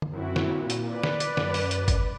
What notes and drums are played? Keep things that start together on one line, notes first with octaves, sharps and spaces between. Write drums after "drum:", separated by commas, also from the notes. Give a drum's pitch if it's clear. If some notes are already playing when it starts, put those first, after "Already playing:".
drum: tom D3
F#2 C4 E4 F#4
drum: snare
A#2
drum: hi-hat
B4 D5
drum: snare
drum: hi-hat
F#2, drum: snare
drum: open hi-hat
drum: hi-hat
drum: kick G1, hi-hat